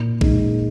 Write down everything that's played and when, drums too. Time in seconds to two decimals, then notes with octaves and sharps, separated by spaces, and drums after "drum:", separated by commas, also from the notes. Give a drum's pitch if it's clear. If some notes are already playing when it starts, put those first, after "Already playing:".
Already playing: A#2
0.21 G#3 D#4, drum: kick A1